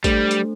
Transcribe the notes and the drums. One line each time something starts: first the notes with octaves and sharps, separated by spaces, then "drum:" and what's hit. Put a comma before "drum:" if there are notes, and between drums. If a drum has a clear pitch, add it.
G3 A3 D4 A4 C5, drum: kick, hi-hat
drum: hi-hat